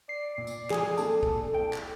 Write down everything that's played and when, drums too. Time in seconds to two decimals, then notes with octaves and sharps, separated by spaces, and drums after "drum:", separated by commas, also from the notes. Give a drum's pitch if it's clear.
0.09 D5 C7
0.38 A#2
0.47 drum: tambourine
0.70 F3 F#3 G#4 A4, drum: clap
0.98 A#3 C4 D4 A4, drum: tambourine
1.23 drum: kick
1.54 C2 G5
1.73 drum: clap